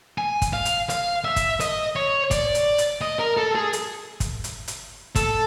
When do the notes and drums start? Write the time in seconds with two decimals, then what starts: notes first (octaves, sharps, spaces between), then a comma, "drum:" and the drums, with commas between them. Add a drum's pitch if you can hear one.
0.18 G#5
0.42 drum: kick, hi-hat
0.53 F5
0.65 drum: hi-hat
0.90 F5, drum: hi-hat
1.24 E5
1.36 drum: kick, hi-hat
1.60 D#5, drum: hi-hat
1.96 C#5
2.31 D5, drum: kick, hi-hat
2.55 drum: hi-hat
2.78 drum: hi-hat
3.01 D#5
3.19 A#4
3.37 A4
3.55 G#4
3.73 drum: hi-hat
4.20 drum: kick, hi-hat
4.44 drum: hi-hat
4.68 drum: hi-hat
5.16 A4, drum: kick, hi-hat